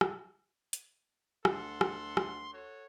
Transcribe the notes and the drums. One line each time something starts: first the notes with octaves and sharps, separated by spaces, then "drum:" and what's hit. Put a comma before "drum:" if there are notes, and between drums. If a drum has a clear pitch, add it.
drum: rim click
drum: hi-hat
D2 A4 F#5 C6, drum: rim click
drum: rim click
drum: rim click
F#4 A4 C#5